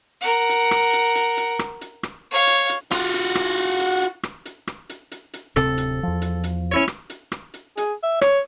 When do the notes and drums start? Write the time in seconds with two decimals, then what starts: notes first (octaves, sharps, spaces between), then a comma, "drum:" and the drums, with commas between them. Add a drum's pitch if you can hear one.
0.21 A#4 F#5
0.49 drum: hi-hat
0.71 drum: rim click
0.93 drum: hi-hat
1.15 drum: hi-hat
1.37 drum: hi-hat
1.59 drum: rim click
1.81 drum: hi-hat
2.03 drum: rim click
2.31 C#5 F5
2.47 drum: hi-hat
2.69 drum: hi-hat
2.91 F4 F#4, drum: rim click
3.13 drum: hi-hat
3.35 drum: rim click
3.57 drum: hi-hat
3.79 drum: hi-hat
4.01 drum: hi-hat
4.23 drum: rim click
4.45 drum: hi-hat
4.67 drum: rim click
4.89 drum: hi-hat
5.11 drum: hi-hat
5.33 drum: hi-hat
5.56 D1 C3 C4 A4, drum: rim click
5.78 drum: hi-hat
6.03 E2 F3
6.22 drum: hi-hat
6.44 drum: hi-hat
6.72 C#4 E4 C#5
6.88 drum: rim click
7.10 drum: hi-hat
7.32 drum: rim click
7.54 drum: hi-hat
7.77 G#4, drum: hi-hat
8.03 E5
8.21 C#5, drum: rim click